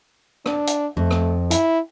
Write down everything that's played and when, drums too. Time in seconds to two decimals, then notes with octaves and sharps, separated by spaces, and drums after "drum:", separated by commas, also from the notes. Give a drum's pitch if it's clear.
0.46 D4, drum: rim click
0.67 drum: hi-hat
0.97 F2 A3
1.11 drum: rim click
1.51 E4, drum: hi-hat